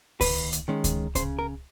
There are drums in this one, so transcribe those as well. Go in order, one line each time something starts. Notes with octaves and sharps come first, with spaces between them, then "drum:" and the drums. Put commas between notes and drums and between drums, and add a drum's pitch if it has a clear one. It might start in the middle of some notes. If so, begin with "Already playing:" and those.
D#2 B4, drum: kick C#2, open hi-hat
drum: hi-hat
D#3 G#3 C#4
drum: kick C#2, hi-hat
C#3 C5, drum: kick C#2, hi-hat
A#4